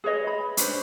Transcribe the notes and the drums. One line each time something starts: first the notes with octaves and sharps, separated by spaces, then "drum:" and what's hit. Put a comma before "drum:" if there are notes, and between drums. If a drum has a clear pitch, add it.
G#4 B4 C#5 D#5
B5
C#4 D4 B4 C5, drum: hi-hat